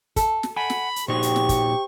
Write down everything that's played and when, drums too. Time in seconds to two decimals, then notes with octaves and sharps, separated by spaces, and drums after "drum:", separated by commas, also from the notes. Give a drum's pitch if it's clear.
0.16 A4, drum: kick, hi-hat
0.43 drum: snare
0.56 F#5 G#5 B5
0.70 drum: snare
0.96 drum: hi-hat
1.08 A#2 D#4 F#4 G4 C5 C#6
1.22 drum: hi-hat
1.36 drum: snare
1.49 drum: kick, hi-hat